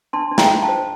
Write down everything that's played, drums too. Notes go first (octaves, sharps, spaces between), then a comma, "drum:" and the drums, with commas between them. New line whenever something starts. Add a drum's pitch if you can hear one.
D4 A5 C6
D4
G5 A#5, drum: snare
F4
F5 A5
C5